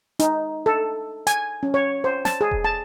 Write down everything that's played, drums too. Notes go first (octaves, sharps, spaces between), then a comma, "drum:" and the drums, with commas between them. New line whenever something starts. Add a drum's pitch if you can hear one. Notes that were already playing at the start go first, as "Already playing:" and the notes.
D#4, drum: hi-hat
A4
G#5, drum: hi-hat
C#4
C#5
C5
A5, drum: snare
G#4
drum: kick E1
A5